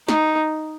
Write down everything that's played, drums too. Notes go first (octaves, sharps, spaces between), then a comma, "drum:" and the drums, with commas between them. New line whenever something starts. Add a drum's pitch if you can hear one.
D#4, drum: snare